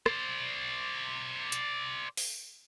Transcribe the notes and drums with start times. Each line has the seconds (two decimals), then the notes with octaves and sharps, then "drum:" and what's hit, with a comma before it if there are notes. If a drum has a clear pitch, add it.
0.06 C5 D5, drum: rim click
1.52 drum: hi-hat
2.17 drum: open hi-hat